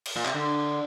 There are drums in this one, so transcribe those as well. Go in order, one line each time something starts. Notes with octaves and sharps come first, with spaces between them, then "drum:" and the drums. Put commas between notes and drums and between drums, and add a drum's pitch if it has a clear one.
drum: cymbal
A#2
C3, drum: clap
D3